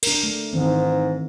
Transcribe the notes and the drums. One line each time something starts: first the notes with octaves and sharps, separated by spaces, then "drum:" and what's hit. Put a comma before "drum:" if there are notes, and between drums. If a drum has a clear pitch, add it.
D4 A#4, drum: cymbal
A3
G#2 D#3 E3 C4